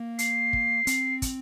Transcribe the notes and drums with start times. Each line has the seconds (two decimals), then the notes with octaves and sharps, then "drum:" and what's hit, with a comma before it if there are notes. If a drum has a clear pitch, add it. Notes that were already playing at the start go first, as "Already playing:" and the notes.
Already playing: A#3
0.19 C7, drum: hi-hat
0.53 drum: kick
0.87 C4, drum: hi-hat
1.22 drum: kick, hi-hat